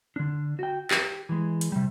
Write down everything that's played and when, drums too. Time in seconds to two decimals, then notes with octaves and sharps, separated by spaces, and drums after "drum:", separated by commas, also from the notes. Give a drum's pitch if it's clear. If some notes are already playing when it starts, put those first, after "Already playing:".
0.16 D3 D4
0.59 F#4 G5
0.91 G4, drum: clap
1.29 E3 G#3
1.61 drum: hi-hat
1.72 C3 G3